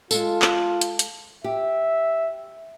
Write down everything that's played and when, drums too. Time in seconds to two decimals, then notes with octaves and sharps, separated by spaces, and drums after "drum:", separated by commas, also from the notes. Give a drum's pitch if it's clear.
0.11 G#3 F4 A4, drum: tambourine
0.42 drum: clap
0.81 drum: hi-hat
0.99 drum: hi-hat
1.44 G4 E5